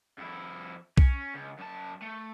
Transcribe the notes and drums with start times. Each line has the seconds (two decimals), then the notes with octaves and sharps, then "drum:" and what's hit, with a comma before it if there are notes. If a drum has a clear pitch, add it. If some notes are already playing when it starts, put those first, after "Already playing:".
0.18 F2 E4
0.98 C#4, drum: kick B1
1.35 C#2
1.59 F#2 A5
2.02 A3